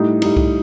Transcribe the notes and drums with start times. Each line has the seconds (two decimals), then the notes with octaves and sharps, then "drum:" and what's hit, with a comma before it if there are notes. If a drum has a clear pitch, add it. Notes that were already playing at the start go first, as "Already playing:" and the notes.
Already playing: A2 G3 D#4
0.22 A2 G3 D#4, drum: cymbal
0.37 drum: kick C2